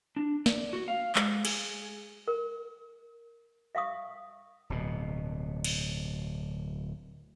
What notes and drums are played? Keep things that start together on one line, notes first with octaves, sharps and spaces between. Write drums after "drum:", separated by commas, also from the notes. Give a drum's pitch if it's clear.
D4
D5, drum: snare
F#4
F5
G#3, drum: clap
G#4, drum: cymbal
A#4
E5 F5 C#6 D#6
D1 B2
drum: cymbal